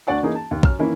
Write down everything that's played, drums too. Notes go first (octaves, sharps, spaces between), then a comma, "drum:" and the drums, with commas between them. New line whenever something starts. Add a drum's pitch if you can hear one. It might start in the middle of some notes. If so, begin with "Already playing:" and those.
D2 D4 D5 F#5 C#6
E3 A#3 C#4 D#4 G#4
A5
D#2
F#2 F6, drum: kick
D#3 E3 A#3 C#4 E4